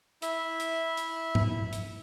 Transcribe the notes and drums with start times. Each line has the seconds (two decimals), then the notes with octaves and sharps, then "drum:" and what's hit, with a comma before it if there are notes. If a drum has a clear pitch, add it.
0.22 E4 E5, drum: hi-hat
0.60 drum: hi-hat
0.97 drum: hi-hat
1.35 drum: tom G#2
1.73 drum: hi-hat